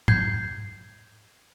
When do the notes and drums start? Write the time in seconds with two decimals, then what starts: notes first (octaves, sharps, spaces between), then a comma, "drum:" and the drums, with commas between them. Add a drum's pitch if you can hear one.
0.08 G6 G#6 C7, drum: tom